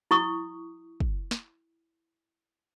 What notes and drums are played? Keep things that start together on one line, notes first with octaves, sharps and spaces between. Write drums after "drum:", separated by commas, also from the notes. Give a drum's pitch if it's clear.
E4 C#6 D#6
drum: kick
drum: snare